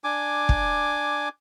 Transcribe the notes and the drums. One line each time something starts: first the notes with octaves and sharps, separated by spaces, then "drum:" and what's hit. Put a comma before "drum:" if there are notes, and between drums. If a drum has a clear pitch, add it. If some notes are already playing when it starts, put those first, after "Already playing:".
D4 G#5 D6
drum: kick